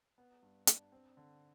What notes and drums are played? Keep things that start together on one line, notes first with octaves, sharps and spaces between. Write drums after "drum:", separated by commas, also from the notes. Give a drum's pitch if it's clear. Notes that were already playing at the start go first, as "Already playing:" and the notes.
B3
G2
D4, drum: hi-hat
C4
D3